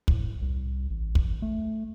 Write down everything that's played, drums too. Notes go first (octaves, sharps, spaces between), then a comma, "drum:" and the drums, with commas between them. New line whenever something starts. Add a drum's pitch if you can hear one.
A2, drum: kick
C2
A1
drum: kick
A3